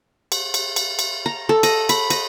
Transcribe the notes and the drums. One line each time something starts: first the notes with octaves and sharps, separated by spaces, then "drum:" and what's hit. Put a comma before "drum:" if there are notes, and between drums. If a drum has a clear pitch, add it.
drum: cymbal
drum: cymbal
drum: cymbal
drum: cymbal
A#5
A4
D#5, drum: cymbal
B5, drum: cymbal
D#5, drum: cymbal